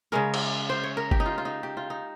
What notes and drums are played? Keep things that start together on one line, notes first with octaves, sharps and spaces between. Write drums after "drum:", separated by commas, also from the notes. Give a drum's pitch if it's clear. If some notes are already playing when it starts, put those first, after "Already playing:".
C#3 G#3 C#4 A#4
drum: cymbal
C5
C#5
A#4
G4, drum: kick G1
D#4
F4
F4
D#4
G4
F4
D#4